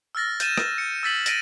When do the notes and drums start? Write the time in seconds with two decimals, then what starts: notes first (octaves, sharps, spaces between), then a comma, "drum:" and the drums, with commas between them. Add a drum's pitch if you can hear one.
0.15 E6 F6 A6 A#6
0.40 G6 A6 D#7 E7, drum: hi-hat
0.58 drum: rim click
0.78 C#7
1.03 E6 A6 B6 F#7
1.26 A6 A#6 D7 D#7, drum: hi-hat